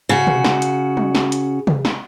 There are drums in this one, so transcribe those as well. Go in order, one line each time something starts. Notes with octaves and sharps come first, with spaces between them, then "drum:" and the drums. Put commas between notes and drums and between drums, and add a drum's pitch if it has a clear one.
C#3 F#4
drum: tom
drum: snare
drum: hi-hat
drum: tom
drum: snare
drum: hi-hat
drum: tom C3
drum: snare